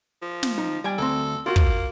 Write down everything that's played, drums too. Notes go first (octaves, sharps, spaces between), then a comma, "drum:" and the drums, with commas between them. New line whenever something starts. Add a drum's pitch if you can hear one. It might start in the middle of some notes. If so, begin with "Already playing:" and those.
F3
drum: snare
D#4
G3 G5 G#5
D2 C4 A4
A#3 F4 F#4
drum: kick